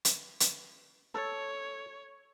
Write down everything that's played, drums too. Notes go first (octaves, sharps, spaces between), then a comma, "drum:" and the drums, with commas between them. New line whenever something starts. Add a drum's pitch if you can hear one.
drum: hi-hat
drum: hi-hat
A4 C#5